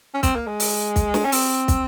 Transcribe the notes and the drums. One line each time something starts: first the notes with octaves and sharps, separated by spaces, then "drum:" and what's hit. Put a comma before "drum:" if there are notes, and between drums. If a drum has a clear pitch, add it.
C#4
C4, drum: kick, hi-hat
A#3
G#3
drum: open hi-hat
drum: kick, hi-hat
drum: snare
C#4
C4, drum: open hi-hat
drum: kick, hi-hat